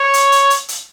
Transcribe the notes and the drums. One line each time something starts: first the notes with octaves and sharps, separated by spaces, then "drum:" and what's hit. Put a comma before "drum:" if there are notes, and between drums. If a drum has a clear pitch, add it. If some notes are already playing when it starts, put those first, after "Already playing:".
Already playing: C#5
drum: hi-hat
drum: hi-hat
drum: hi-hat
drum: hi-hat